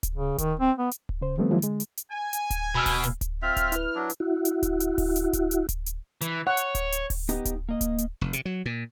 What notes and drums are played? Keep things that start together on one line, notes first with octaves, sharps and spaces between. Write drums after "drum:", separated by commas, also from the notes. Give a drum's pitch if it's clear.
drum: kick D1, hi-hat
C#3
D#3, drum: kick D1, hi-hat
C4
B3
drum: hi-hat
drum: kick D1
C#3 C5
D#3 F3 G3 A3 B3 C4
D#3 F3 F#3 G#3 A#3 E4
D3 G#3, drum: hi-hat
drum: hi-hat
drum: hi-hat
G#5
drum: hi-hat
drum: kick D1, hi-hat
B2 B5 E6 F6
drum: kick D1, open hi-hat
drum: hi-hat
drum: kick D1, hi-hat
C4 F4 E5 F6
drum: kick D1, hi-hat
E4 B4, drum: hi-hat
F#3 D4
drum: hi-hat
E4 F#4
drum: hi-hat
drum: kick D1, hi-hat
drum: hi-hat
drum: kick D1, open hi-hat
drum: hi-hat
drum: kick D1, hi-hat
drum: hi-hat
drum: kick D1, hi-hat
drum: hi-hat
E3, drum: hi-hat
C#5 F#5
drum: hi-hat
drum: kick D1, hi-hat
drum: hi-hat
drum: kick D1, open hi-hat
B3 D#4 G4 D#5, drum: hi-hat
drum: kick D1, hi-hat
A#3 D#5
drum: kick D1, hi-hat
drum: hi-hat
F1
C3, drum: hi-hat
F#3
A#2